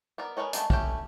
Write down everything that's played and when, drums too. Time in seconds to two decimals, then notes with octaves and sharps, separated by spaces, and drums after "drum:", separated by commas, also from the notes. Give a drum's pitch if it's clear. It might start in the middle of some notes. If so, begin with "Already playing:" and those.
0.18 B3 A#4 D5
0.37 G#3 A#4 B4 C#5 D#5
0.53 G#3 A3 B3 D4 D#4, drum: hi-hat
0.70 A3 C#4 E4 G4, drum: kick